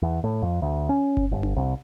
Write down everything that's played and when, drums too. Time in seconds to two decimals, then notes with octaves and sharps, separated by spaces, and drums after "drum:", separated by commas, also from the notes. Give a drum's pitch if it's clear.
0.02 E2
0.24 A2
0.42 F2
0.62 D2
0.89 C#4
1.17 drum: kick F#1
1.31 G1
1.43 drum: tom D4
1.56 C2